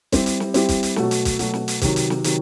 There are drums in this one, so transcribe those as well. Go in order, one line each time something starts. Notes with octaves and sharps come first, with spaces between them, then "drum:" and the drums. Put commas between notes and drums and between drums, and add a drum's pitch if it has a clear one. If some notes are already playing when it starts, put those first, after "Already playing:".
G3 C4 E4 G4, drum: kick, hi-hat
drum: hi-hat
drum: snare
G3 C4 E4 G4, drum: hi-hat
drum: kick, hi-hat
drum: hi-hat
B2 F#3 A3, drum: snare
drum: hi-hat
drum: kick, hi-hat
B2 F#3 A3, drum: hi-hat
drum: snare
drum: hi-hat
C3 D#3 F#3, drum: kick, hi-hat
drum: hi-hat
drum: snare
C3 D#3 F#3, drum: hi-hat